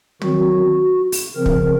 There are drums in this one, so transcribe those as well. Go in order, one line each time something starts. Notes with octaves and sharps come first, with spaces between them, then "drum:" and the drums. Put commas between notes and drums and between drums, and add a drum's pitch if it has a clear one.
D#3 F#3 C4 F#4, drum: tom
drum: open hi-hat
C#3 F3 C4 A#4
drum: kick